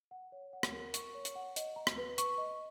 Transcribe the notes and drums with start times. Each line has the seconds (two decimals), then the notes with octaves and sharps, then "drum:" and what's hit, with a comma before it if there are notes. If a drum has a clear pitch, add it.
0.11 F#5
0.32 C#5
0.53 F#5
0.63 drum: rim click
0.73 A#4
0.94 C#6, drum: hi-hat
1.15 C#5
1.25 drum: hi-hat
1.35 F#5
1.56 D#5, drum: hi-hat
1.76 A#5
1.87 drum: rim click
1.97 B4
2.18 C#6, drum: hi-hat
2.38 D#5